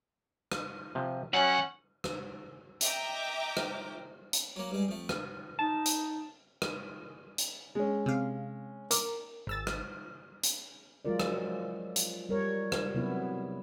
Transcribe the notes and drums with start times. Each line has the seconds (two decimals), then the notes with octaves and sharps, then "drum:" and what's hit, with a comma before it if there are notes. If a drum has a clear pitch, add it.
0.52 drum: rim click
0.95 C3 F3
1.33 F2 F#3 C#4 F#5
2.04 drum: rim click
2.81 D#5 E5 G5 A#5 D6, drum: hi-hat
3.57 drum: rim click
4.33 drum: hi-hat
4.56 F#3 A#3
4.71 G2 G#3
4.88 F2 A3
5.09 drum: rim click
5.59 D#4 A5
5.86 drum: hi-hat
6.62 drum: rim click
7.38 drum: hi-hat
7.75 G#3 C#4
8.06 C3 F5
8.91 A#4 D6, drum: hi-hat
9.47 G#1 E6 A6
9.67 drum: rim click
10.43 drum: hi-hat
11.05 F3 F#3 G#3 F4 A#4 D5
11.20 drum: rim click
11.96 drum: hi-hat
12.29 G3 A#4 C#5
12.72 drum: rim click
12.94 C3 F#3 B3 E4